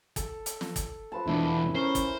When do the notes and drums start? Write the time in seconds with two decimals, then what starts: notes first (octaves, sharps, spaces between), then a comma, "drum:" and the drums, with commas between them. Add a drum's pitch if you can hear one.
0.16 A4, drum: kick, hi-hat
0.46 drum: hi-hat
0.61 drum: snare
0.76 drum: kick, hi-hat
1.12 F3 B4 A5
1.27 E2 B2 D4 E4
1.75 C#4 A#4 C5
1.95 drum: kick, hi-hat